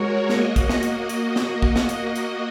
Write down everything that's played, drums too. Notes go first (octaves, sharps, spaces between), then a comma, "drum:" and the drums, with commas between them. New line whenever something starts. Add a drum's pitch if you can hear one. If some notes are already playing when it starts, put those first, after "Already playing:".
Already playing: G#3 F#4 A#4 C#5
A#3 F#4 D#5, drum: snare
drum: kick, hi-hat
drum: snare
drum: hi-hat
A#3 F#4 D#5, drum: hi-hat
drum: snare
drum: kick
drum: snare
drum: hi-hat
drum: hi-hat